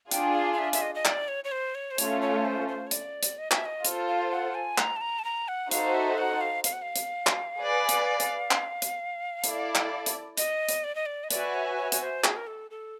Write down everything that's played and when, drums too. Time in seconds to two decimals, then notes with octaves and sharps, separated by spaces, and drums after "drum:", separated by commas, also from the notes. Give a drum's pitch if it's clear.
0.11 D4 F4 G#4 G5, drum: hi-hat
0.35 F5
0.53 F5
0.59 E5
0.73 E5, drum: hi-hat
0.82 D#5
0.95 D#5
1.05 D5, drum: clap
1.28 C#5
1.44 C#5
1.52 C5
1.75 C#5
1.91 C5
1.98 A3 C#4 F4 C#5, drum: hi-hat
2.22 C#5
2.45 C5
2.68 C5
2.87 C#5
2.91 D5, drum: hi-hat
3.23 drum: hi-hat
3.38 D#5
3.51 E5, drum: clap
3.65 D#5
3.85 F4 A4 C5, drum: hi-hat
4.08 F5
4.31 F#5
4.55 G#5
4.78 A#5, drum: clap
4.96 A5
5.01 A#5
5.19 A5
5.25 A#5
5.48 F#5
5.71 D#4 F#4 A4 C5 F5, drum: hi-hat
5.95 E5
6.18 F#5
6.41 F5
6.64 F5, drum: hi-hat
6.73 F#5
6.82 F5
6.96 drum: hi-hat
7.27 drum: clap
7.58 G#4 B4 D5
7.89 drum: hi-hat
8.20 drum: hi-hat
8.51 drum: clap
8.82 drum: hi-hat
9.44 E4 A4 D5, drum: hi-hat
9.75 drum: clap
10.06 drum: hi-hat
10.37 D#5, drum: hi-hat
10.69 drum: hi-hat
10.84 D5
10.95 D#5
11.06 D5
11.24 D#5
11.31 F#4 B4 D5 E5 G#5, drum: hi-hat
11.54 C#5
11.77 C#5
11.92 C#5, drum: hi-hat
12.01 C5
12.24 G#4, drum: clap
12.36 A#4
12.47 A4
12.71 A4